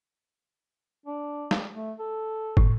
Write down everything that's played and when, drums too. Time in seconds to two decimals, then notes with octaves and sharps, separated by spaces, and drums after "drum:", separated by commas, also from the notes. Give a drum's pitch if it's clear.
1.06 D4
1.51 drum: snare
1.74 A3
1.99 A4
2.57 A2, drum: kick